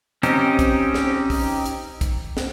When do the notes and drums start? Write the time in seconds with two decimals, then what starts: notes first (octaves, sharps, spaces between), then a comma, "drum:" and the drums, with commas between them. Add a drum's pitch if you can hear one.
0.23 C4 C#4 D#4 G4, drum: hi-hat
0.59 drum: kick, hi-hat
0.94 drum: snare
1.30 drum: kick, open hi-hat
1.66 drum: hi-hat
2.01 drum: kick, hi-hat
2.37 drum: snare